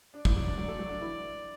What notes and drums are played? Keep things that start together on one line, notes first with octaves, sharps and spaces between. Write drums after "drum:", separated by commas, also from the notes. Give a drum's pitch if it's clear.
D4 D5
E3 E4, drum: kick
F#3 F#4
D4
F#3 F#4
A3 A4
F#3 F#4
D4
E3 E4